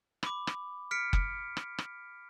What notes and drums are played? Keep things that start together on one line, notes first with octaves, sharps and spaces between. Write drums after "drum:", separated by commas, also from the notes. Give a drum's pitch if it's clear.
B5 D6, drum: rim click
drum: rim click
F6 B6 C#7 D7
drum: kick F#1
drum: rim click
drum: rim click